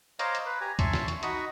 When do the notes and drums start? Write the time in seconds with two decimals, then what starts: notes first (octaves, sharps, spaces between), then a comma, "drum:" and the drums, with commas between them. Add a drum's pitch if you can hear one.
0.19 C5 C#5 D#5 F5 A#5 D6, drum: hi-hat
0.35 drum: hi-hat
0.46 B4
0.61 G4 G#5 A#5
0.79 C#5 E5 G#5 A5 C6 C#6, drum: kick, hi-hat
0.93 drum: snare
1.08 drum: hi-hat
1.23 D#4 F#4 D#5 B5 C#6 D#6, drum: hi-hat